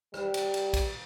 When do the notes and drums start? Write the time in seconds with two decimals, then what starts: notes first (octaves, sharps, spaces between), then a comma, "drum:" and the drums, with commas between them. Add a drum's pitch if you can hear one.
0.14 G3, drum: rim click
0.34 drum: cymbal
0.54 drum: cymbal
0.73 drum: kick, cymbal